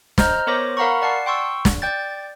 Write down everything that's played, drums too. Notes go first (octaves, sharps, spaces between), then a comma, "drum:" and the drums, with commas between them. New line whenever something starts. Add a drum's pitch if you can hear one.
C5 D#5 A#5 F6 G6, drum: snare
B3 A#4 C5 C#5 D6 A#6
A#4 F5 F#5 A#5 B5 C#6
D5 F#5 A5 C7
G5 C6 C#6 E6
drum: snare
D5 G5 G6 A6